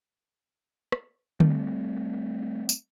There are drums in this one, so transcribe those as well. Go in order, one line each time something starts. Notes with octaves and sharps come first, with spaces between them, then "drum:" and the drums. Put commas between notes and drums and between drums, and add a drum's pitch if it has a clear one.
drum: rim click
G3 A3 C4, drum: tom D3
drum: tambourine